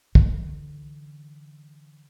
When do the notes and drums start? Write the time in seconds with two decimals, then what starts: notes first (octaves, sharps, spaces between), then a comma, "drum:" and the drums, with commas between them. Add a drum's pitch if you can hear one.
0.15 D3 E3, drum: kick